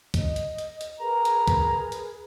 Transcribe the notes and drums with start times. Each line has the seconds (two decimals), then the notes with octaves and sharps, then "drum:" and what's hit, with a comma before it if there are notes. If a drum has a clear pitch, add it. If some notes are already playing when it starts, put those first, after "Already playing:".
0.14 D#5, drum: kick, hi-hat
0.36 drum: hi-hat
0.58 drum: hi-hat
0.81 drum: hi-hat
0.99 G#4 A#4 B4 A#5
1.25 drum: hi-hat
1.48 drum: kick, hi-hat
1.92 drum: hi-hat